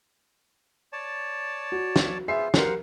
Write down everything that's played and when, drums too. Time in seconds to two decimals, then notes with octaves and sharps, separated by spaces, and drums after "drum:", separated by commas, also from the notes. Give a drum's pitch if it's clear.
0.93 C#5 D5 A5
1.72 F#4
1.96 drum: snare
2.28 B3 F4 G#4 C5 E5 C7
2.54 G4 A#4 C5 F5 F#5, drum: snare